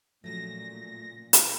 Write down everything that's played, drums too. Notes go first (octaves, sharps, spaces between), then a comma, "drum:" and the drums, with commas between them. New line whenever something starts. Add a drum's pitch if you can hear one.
A#2 C#3 F3 F#3 A3 A#6
drum: hi-hat